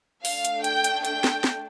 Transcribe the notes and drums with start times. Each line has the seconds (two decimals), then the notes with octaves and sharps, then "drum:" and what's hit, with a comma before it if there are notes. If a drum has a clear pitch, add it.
0.25 A3 D4 A4 F5, drum: open hi-hat
0.45 drum: hi-hat
0.64 G5, drum: hi-hat
0.84 drum: hi-hat
1.05 G5, drum: hi-hat
1.24 drum: snare
1.44 drum: snare